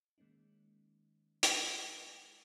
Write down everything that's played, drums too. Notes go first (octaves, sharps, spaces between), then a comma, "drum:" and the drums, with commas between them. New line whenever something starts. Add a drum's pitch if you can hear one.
D#3 G#3 A#3 C#4 D#4
drum: hi-hat